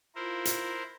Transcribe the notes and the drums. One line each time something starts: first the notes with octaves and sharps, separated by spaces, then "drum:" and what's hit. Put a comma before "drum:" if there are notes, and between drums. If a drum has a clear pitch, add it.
E4 F4 A#4 C5
drum: hi-hat